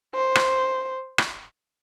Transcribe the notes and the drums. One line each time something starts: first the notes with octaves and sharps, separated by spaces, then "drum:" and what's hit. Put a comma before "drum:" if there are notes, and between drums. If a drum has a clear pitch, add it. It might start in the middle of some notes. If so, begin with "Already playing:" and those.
C5
drum: rim click
drum: rim click